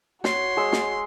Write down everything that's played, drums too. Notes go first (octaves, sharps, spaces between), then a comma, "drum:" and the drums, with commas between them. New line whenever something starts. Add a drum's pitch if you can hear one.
F#4 C#5 C6, drum: snare
G#3 E6
drum: snare